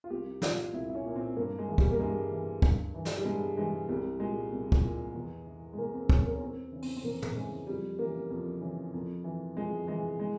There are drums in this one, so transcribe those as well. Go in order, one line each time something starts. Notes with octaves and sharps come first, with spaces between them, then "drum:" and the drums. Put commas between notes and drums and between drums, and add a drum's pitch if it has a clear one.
F4
C2 G4
A#2 F4, drum: snare
C2 E4
E4
C#4
A#2
C4
G2 A#3
G#3
E3
G3, drum: kick
A#3
G2 G#3
E3
G2, drum: kick
E3
drum: snare
G3
G2 G#3
E3 G#3
C2 G3
A#2 G#3
C2
drum: kick
A#2
E2
E3
G#3
E2 A#3
C4
E3 C#4, drum: kick
A#3
C#4
E2 C4
C#3 E3
C4, drum: open hi-hat
C4
E2 A#3
drum: tom
C#3 E3 G#3
F2 G3
C#3 E3 A#3
F2
C#3 E3
F2
E3
F2 G#3
E3 G#3
G#3